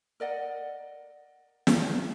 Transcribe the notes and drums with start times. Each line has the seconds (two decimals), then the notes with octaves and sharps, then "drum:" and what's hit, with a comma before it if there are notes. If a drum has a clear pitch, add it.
0.20 A#4 D5 D#5 F#5
1.67 drum: snare